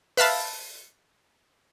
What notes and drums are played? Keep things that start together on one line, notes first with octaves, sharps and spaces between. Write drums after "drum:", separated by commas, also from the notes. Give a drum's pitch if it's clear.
B4 E5 F5 A5 B5, drum: open hi-hat